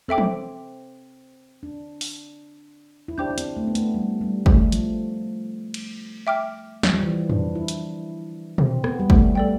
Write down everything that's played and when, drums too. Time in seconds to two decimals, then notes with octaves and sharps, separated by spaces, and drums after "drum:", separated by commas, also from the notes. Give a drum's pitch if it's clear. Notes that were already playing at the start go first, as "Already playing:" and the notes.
0.08 C4 A4 E5 G5 D6
0.18 drum: tom
1.63 D4
2.01 drum: open hi-hat
3.08 E4
3.18 D4 G4 C5 G5 D6 G6
3.30 D4
3.38 C4, drum: hi-hat
3.57 A3
3.67 B3
3.75 A3, drum: hi-hat
3.94 G3
4.21 G3
4.46 A3, drum: kick
4.72 F3, drum: hi-hat
5.74 drum: cymbal
6.27 E5 G5 D6 F6
6.83 G3, drum: snare
6.94 F3
7.03 E3
7.30 D4, drum: tom
7.55 E4
7.68 drum: hi-hat
8.58 C4, drum: tom A#2
8.84 B3, drum: rim click
9.00 G3
9.10 A3, drum: kick
9.35 G3 A4 D5 G5